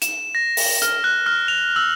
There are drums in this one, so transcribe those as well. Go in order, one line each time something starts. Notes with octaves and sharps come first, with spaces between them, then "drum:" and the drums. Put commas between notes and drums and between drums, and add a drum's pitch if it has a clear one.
E7, drum: hi-hat
A#6
drum: open hi-hat
F6, drum: hi-hat
F#6
F6
F7
E6